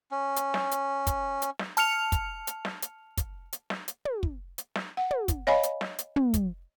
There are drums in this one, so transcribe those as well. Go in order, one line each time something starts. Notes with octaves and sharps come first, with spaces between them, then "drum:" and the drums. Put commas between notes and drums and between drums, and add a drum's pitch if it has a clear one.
C#4
drum: hi-hat
drum: snare
drum: hi-hat
drum: kick, hi-hat
drum: hi-hat
drum: snare
A5 F6 C#7 F7, drum: hi-hat
drum: kick, hi-hat
drum: hi-hat
drum: snare
drum: hi-hat
drum: kick, hi-hat
drum: hi-hat
drum: snare
drum: hi-hat
drum: tom
drum: kick
drum: hi-hat
drum: snare
F#5
drum: tom
drum: kick, hi-hat
C#5 D#5 F5 G#5 B5
drum: hi-hat
drum: snare
drum: hi-hat
drum: tom
drum: kick, hi-hat